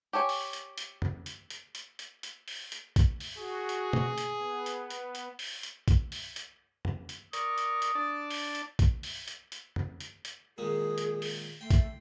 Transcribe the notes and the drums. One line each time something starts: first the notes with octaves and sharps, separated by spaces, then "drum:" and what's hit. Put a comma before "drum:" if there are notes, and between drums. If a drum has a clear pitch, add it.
G4 A4 C#5 G#5
drum: open hi-hat
drum: hi-hat
drum: hi-hat
drum: tom
drum: hi-hat
drum: hi-hat
drum: hi-hat
drum: hi-hat
drum: hi-hat
drum: open hi-hat
drum: hi-hat
drum: kick, hi-hat
drum: open hi-hat
F#4 G#4
drum: hi-hat
drum: tom
drum: hi-hat
B3
drum: hi-hat
drum: hi-hat
drum: hi-hat
drum: open hi-hat
drum: hi-hat
drum: kick, hi-hat
drum: open hi-hat
drum: hi-hat
drum: tom
drum: hi-hat
A#4 D5 C#6 D#6, drum: hi-hat
drum: hi-hat
drum: hi-hat
D4 D5 A5
drum: open hi-hat
drum: hi-hat
drum: kick, hi-hat
drum: open hi-hat
drum: hi-hat
drum: hi-hat
drum: tom
drum: hi-hat
drum: hi-hat
A#2 D#3 G#3 G#4
drum: hi-hat
drum: open hi-hat
A3 G5 C6
drum: kick, hi-hat